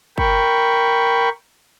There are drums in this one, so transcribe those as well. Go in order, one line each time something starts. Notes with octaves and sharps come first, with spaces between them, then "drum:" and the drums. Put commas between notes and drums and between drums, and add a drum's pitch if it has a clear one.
A#4 G5 B5 C#6, drum: kick G1